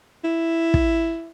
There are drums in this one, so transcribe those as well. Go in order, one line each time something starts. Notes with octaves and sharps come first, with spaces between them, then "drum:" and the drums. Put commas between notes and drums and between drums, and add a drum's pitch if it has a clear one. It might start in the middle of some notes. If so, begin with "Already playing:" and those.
E4
drum: kick